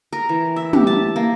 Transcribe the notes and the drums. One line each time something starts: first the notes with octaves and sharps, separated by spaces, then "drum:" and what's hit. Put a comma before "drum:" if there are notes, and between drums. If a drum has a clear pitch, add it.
A#4
E3
E5
G4, drum: tom
A5
A#3